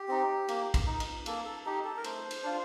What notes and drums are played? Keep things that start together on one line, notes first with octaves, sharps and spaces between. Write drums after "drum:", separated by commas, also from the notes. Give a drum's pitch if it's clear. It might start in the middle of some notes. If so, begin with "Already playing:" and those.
Already playing: G4
C4 D#4
A#3, drum: cymbal
drum: kick, cymbal
D#4
drum: cymbal
A#3 A4, drum: cymbal
A4
D#4 G4
A4
A#4
A3 C5, drum: cymbal
drum: cymbal
D4 F4